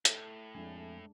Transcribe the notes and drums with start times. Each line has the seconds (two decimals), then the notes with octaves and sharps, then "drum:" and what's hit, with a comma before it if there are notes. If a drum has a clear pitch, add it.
0.05 A2 A4 E5, drum: hi-hat
0.55 F2 G#3 D4 G#5